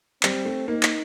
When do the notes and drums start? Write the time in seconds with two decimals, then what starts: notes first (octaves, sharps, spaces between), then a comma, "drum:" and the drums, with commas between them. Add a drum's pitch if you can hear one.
0.23 G3 C4, drum: clap
0.45 A3
0.68 A#3 D#4
0.83 drum: clap